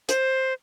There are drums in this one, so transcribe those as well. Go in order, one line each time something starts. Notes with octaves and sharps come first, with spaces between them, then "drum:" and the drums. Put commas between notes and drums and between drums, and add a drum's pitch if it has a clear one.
C5, drum: hi-hat